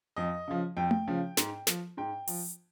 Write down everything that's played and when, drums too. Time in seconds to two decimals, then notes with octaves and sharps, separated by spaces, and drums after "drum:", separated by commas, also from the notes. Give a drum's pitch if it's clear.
0.17 F2 D#5
0.48 C#3 F3
0.77 F2 G5
0.91 drum: tom A3
1.08 C#3 F3
1.37 G#2, drum: snare
1.67 F3, drum: snare
1.97 G#2 G5
2.28 F3, drum: open hi-hat